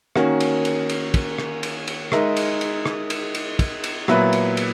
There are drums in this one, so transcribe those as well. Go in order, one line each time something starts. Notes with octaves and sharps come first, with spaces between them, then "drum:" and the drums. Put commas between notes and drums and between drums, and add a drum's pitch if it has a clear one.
D#3 A#3 C#4 F#4, drum: rim click
drum: cymbal
drum: cymbal
drum: cymbal
drum: kick, cymbal
drum: rim click
drum: cymbal
drum: cymbal
G#3 D#4 A#4 E5, drum: rim click
drum: cymbal
drum: cymbal
drum: rim click
drum: cymbal
drum: cymbal
drum: kick, cymbal
drum: cymbal
A#2 F#3 B3 E4 B4, drum: rim click
drum: cymbal
drum: cymbal